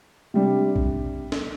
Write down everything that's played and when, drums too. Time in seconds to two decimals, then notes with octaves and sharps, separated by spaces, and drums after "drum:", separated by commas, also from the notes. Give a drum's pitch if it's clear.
0.34 C3 G3 D4
0.76 drum: kick A#1
1.32 drum: snare